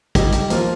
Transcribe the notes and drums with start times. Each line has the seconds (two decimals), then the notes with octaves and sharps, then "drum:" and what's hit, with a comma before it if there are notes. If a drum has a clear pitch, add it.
0.15 G3 D#4 G4, drum: kick, hi-hat
0.32 drum: hi-hat
0.50 F3 A#3 F4, drum: hi-hat